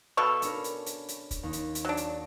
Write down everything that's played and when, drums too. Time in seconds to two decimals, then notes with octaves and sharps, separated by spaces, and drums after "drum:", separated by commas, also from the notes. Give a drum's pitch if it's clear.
0.17 B2 A4 F5 B5 C#6 F6
0.42 C#4 D4 A#4, drum: hi-hat
0.64 drum: hi-hat
0.86 drum: hi-hat
1.08 drum: hi-hat
1.31 drum: kick, hi-hat
1.43 D#2
1.53 drum: hi-hat
1.75 drum: hi-hat
1.85 F#3 D4
1.97 drum: hi-hat